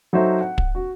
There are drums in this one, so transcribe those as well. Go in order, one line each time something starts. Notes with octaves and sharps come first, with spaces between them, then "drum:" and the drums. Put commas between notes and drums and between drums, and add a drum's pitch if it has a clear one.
F#3 D#4 F#4 A4 C5 E5
F#5
drum: kick
F#4